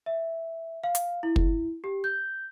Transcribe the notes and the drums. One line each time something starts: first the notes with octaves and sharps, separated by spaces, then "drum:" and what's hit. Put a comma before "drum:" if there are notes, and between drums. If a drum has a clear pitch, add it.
E5
F5
drum: hi-hat
E4
drum: kick
G4
G6